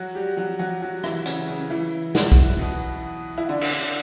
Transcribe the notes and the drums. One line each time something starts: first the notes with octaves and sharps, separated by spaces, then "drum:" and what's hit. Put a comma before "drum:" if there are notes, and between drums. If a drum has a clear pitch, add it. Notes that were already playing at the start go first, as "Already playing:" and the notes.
Already playing: F#3 F#4
G3 G4
F#3 F#4
F#3 F#4
F#3 F#4
E3 E4, drum: rim click
C#3 C#4, drum: hi-hat
C#3 C#4
E3 E4
F#3 F#4, drum: snare
drum: kick
B2 B3
E4
D3 D4
drum: cymbal
D3 D4